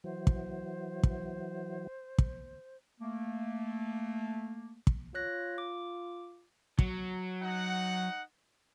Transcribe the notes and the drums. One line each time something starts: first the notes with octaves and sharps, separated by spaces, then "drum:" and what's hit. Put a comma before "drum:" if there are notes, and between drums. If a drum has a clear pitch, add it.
E3 F#3 C5
drum: kick
drum: kick
drum: kick
A3 A#3
drum: kick
F4 C#5 F#6 A#6
D6
F#3, drum: kick
D#4 F#5